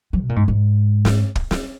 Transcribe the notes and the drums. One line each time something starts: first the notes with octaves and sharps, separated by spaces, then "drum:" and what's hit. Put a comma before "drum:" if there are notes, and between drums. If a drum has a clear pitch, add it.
F#3
B2
A#2
G#2
G#2
drum: snare
drum: kick
drum: snare